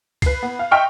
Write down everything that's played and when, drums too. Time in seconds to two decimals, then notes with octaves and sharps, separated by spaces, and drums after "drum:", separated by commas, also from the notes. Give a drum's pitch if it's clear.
0.22 B4 C7, drum: kick C#2, cymbal
0.43 B3
0.59 F5
0.71 D#5 E5 G5 C6 C#6 F6